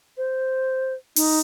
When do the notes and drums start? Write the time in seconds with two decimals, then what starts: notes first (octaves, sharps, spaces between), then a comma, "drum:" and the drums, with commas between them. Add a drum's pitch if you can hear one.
0.17 C5
1.16 D#4, drum: open hi-hat